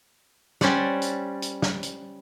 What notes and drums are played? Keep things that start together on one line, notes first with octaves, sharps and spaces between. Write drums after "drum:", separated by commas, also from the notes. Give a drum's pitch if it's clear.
G3 C#4 C5 D5 F#5, drum: snare
drum: hi-hat
drum: hi-hat
drum: snare
drum: hi-hat